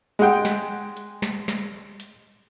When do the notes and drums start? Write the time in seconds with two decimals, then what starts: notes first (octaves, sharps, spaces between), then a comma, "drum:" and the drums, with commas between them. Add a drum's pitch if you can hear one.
0.19 G#3 G#4 F#5 G5
0.45 drum: snare
0.96 drum: hi-hat
1.22 drum: snare
1.48 drum: snare
2.00 drum: hi-hat